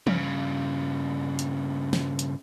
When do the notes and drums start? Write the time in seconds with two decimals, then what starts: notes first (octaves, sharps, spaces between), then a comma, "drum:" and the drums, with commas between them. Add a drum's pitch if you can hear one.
0.07 G2 C#3, drum: tom
1.39 drum: hi-hat
1.93 drum: snare
2.19 drum: hi-hat